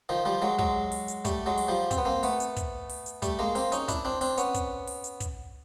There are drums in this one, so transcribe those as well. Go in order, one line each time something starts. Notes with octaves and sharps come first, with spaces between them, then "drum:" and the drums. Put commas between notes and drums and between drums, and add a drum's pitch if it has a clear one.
D#3 F3
F3 G3
F#3 G#3
F#3 G#3, drum: kick
drum: open hi-hat
drum: hi-hat
G3 A3, drum: kick, hi-hat
F#3 G#3
drum: open hi-hat
F3 G3
C4, drum: kick, hi-hat
B3
A#3 C4
A3 B3, drum: open hi-hat
drum: hi-hat
drum: kick, hi-hat
drum: open hi-hat
drum: hi-hat
G3 A3, drum: kick, hi-hat
G#3 A#3
A#3 C4, drum: open hi-hat
C#4 D#4, drum: hi-hat
D4 E4, drum: kick, hi-hat
C4 D4
C4 D4, drum: open hi-hat
B3 C#4, drum: hi-hat
drum: kick, hi-hat
drum: open hi-hat
drum: hi-hat
drum: kick, hi-hat